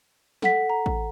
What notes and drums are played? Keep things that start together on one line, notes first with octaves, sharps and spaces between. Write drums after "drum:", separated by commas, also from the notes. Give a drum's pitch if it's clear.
A4 F#5 B6, drum: snare
A#5
drum: kick A1